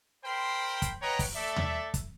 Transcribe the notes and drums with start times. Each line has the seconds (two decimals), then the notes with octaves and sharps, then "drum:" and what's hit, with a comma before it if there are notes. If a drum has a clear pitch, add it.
0.23 A#4 C5 G5 B5 C6
0.82 drum: kick, hi-hat
1.01 B4 C#5 D#5 F#5 G5 A#5
1.19 drum: kick, open hi-hat
1.34 A3 A4 D5 E5
1.56 drum: tom D#2
1.94 drum: kick, hi-hat